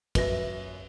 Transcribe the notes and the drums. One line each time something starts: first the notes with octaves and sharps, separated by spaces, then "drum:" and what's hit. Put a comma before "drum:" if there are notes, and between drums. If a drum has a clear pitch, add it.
F#2 B4 E5 A#6, drum: kick, cymbal